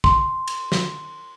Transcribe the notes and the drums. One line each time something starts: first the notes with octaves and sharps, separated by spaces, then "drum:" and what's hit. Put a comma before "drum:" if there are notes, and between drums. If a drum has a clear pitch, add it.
C6, drum: kick
drum: cymbal
drum: snare